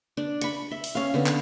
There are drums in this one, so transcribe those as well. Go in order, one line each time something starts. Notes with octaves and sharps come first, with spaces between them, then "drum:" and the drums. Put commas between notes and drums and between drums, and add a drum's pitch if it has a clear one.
D4
B5 C#6, drum: hi-hat
E5
drum: open hi-hat
C#4 F5
D3 B3
drum: clap